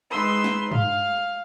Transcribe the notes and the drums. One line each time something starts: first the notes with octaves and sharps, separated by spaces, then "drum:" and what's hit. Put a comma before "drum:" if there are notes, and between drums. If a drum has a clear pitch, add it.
G#3 D#4 B4 C6 E6
drum: snare
F5, drum: tom